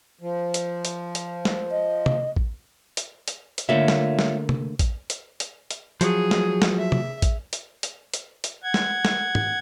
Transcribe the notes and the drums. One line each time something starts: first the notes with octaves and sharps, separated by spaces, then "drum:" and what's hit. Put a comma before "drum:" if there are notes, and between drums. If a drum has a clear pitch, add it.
F3
drum: hi-hat
drum: hi-hat
drum: hi-hat
drum: snare
D#5
drum: tom
drum: kick A1
drum: hi-hat
drum: hi-hat
drum: hi-hat
D3 A3 A#3 F4 C#5 E5
drum: snare
drum: snare
drum: tom
drum: kick A1, hi-hat
drum: hi-hat
drum: hi-hat
drum: hi-hat
F3 F#3 G#4, drum: hi-hat
drum: snare
drum: snare
E5
drum: tom
drum: kick A1, hi-hat
drum: hi-hat
drum: hi-hat
drum: hi-hat
drum: hi-hat
F#5 G#6
drum: snare
drum: snare
drum: tom